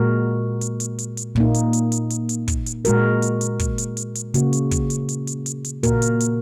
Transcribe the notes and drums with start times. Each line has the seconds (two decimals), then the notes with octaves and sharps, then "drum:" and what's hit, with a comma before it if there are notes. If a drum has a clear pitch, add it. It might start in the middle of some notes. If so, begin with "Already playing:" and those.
Already playing: A#2 G#3 F#4 A#4
0.61 drum: hi-hat
0.80 drum: hi-hat
0.99 drum: hi-hat
1.17 drum: hi-hat
1.36 A#2 A#3 D#4, drum: kick
1.54 drum: hi-hat
1.73 drum: hi-hat
1.92 drum: hi-hat
2.10 drum: hi-hat
2.29 drum: hi-hat
2.48 drum: kick, hi-hat
2.66 drum: hi-hat
2.85 A#2 G#3 F#4 A#4, drum: hi-hat
3.22 drum: hi-hat
3.41 drum: hi-hat
3.59 drum: kick, hi-hat
3.78 drum: hi-hat
3.97 drum: hi-hat
4.15 drum: hi-hat
4.34 C#3 A#3 F#4, drum: hi-hat
4.53 drum: hi-hat
4.71 drum: kick, hi-hat
4.90 drum: hi-hat
5.09 drum: hi-hat
5.27 drum: hi-hat
5.46 drum: hi-hat
5.64 drum: hi-hat
5.83 A#2 A#3 F#4 A#4, drum: kick, hi-hat
6.02 drum: hi-hat
6.20 drum: hi-hat